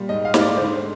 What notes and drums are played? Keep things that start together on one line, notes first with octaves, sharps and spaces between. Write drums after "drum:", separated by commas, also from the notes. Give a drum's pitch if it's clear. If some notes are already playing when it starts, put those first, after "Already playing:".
Already playing: A#2 G3
G#2 D#5
F5
G#2, drum: snare
D5
D3 C5
C5